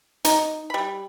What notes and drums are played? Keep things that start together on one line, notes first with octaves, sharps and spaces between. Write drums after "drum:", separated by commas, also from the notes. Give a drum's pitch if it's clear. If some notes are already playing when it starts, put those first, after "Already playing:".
D#4, drum: hi-hat
G3 B5